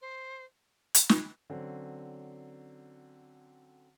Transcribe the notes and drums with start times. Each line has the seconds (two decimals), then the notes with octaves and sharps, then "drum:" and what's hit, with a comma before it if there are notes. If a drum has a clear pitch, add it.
0.01 C5
0.95 drum: hi-hat
1.09 drum: snare
1.50 D3 F#3 C4 C#4